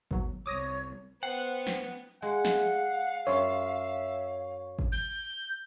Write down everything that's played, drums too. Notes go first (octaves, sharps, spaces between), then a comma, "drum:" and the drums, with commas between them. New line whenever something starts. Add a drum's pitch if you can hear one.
D#2 B2 F#3, drum: kick G#1
C2 C#5 D6 D#6 A#6
B3 C5 F#5 G5
drum: snare
G#3 F5 F#5
drum: snare
F#2 F4 C#5 E5
drum: kick G#1
G6